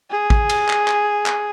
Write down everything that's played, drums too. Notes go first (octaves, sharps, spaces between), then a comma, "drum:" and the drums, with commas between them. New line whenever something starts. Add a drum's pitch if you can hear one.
G#4
drum: kick
drum: cymbal
drum: clap
drum: clap
drum: clap